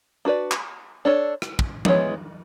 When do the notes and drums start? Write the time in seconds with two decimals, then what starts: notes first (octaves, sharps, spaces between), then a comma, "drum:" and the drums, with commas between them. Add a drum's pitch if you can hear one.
0.25 D4 F#4 B4 D5
0.51 drum: clap
1.05 D4 A4 C#5
1.42 drum: rim click
1.59 drum: kick
1.85 E3 G#3 B3 F#4 C#5, drum: tom F3